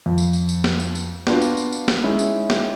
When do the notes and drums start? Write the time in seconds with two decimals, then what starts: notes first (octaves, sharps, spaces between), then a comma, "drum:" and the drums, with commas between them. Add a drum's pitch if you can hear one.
0.06 F2
0.18 drum: tambourine
0.33 drum: tambourine
0.49 drum: tambourine
0.64 drum: snare
0.80 drum: tambourine
0.95 drum: tambourine
1.27 B3 D4 F4 F#4, drum: snare
1.42 drum: tambourine
1.57 drum: tambourine
1.72 drum: tambourine
1.88 drum: snare
2.03 G#3 C#4 D#4 E4
2.19 drum: tambourine
2.50 drum: snare